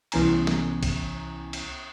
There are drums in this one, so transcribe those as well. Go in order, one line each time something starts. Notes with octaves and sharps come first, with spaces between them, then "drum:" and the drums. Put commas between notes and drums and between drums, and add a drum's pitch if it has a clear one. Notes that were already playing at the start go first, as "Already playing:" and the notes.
C2 E3 B3 C#4 G#5 A#5, drum: cymbal
drum: snare
drum: kick A1, cymbal
drum: cymbal